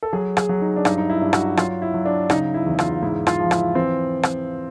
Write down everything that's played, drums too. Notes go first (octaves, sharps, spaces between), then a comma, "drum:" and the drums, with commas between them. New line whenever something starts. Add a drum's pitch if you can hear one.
A4
F#3 G#4
G#4, drum: rim click
F#3
D#4
D4
G2 D#4, drum: rim click
D#4
E4
G2
F#4, drum: rim click
F#3 F4, drum: rim click
E4
F#3
D4
C#3 D#4, drum: rim click
E4
E2
F4, drum: rim click
G#2 E4
F4, drum: rim click
F3
E4, drum: rim click
E3 C4
drum: rim click